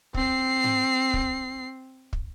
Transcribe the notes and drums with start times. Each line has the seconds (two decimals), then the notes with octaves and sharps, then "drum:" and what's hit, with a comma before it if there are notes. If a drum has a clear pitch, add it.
0.14 C4 C7, drum: kick
0.64 drum: tom G#2
1.14 drum: kick
2.13 drum: kick